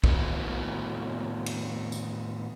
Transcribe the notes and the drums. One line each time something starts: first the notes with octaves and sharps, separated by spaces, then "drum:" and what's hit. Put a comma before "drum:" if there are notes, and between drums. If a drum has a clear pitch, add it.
A2 D#3 B3 E4 F#4 A4, drum: kick
drum: cymbal
drum: tambourine